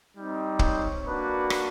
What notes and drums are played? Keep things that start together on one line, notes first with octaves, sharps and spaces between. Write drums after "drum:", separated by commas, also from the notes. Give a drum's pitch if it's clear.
G3 C4 D#4
C#5, drum: kick
A#3 D4 F#4 B4
drum: rim click